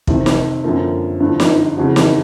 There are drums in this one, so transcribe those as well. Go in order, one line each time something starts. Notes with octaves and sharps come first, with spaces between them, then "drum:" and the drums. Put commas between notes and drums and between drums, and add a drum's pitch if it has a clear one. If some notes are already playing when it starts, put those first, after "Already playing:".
F2 C3 D#3, drum: kick
drum: snare
F#2 D3 F3 A#3
G2 D3 F3 E4
D#4, drum: snare
F4
F2 C#3 E3 F#4
drum: snare